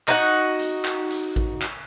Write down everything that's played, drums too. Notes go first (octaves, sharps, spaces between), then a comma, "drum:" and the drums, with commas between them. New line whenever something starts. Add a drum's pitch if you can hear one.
D#4 F#4, drum: clap
drum: hi-hat
drum: clap
drum: hi-hat
drum: kick A1
drum: clap